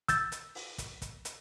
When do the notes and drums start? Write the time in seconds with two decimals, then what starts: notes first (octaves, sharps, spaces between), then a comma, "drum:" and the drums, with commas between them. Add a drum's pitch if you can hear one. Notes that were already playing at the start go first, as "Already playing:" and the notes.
0.08 E6 G6 A6, drum: kick, hi-hat
0.32 drum: hi-hat
0.55 drum: open hi-hat
0.78 drum: kick, hi-hat
1.02 drum: kick, hi-hat
1.25 drum: hi-hat